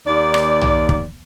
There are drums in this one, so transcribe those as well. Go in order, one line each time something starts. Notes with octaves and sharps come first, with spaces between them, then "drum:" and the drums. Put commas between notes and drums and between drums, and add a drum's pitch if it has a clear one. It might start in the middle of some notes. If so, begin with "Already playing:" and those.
D#2 D5
drum: rim click
drum: tom B1
drum: kick